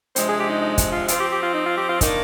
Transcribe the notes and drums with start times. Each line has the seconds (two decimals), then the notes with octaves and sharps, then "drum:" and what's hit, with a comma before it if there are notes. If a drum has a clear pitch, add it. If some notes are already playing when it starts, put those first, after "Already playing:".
0.16 C3 F3 G#3 D4 C5, drum: hi-hat
0.28 G#4
0.39 G4
0.50 D#4
0.62 D#4
0.78 drum: kick, hi-hat
0.93 F4
1.08 F3 C4 F4, drum: hi-hat
1.20 G4
1.32 G4
1.43 F4
1.54 D#4
1.66 F4
1.78 G4
1.89 F4
2.01 D#3 A#3 D4 D#4, drum: kick, hi-hat